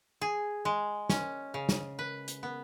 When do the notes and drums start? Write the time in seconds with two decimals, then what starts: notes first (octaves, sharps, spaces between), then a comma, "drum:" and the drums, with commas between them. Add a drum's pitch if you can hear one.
0.21 G#4
0.65 G#3
1.09 C#4, drum: snare
1.54 C#3
1.69 drum: snare
1.99 B4
2.28 drum: hi-hat
2.43 B3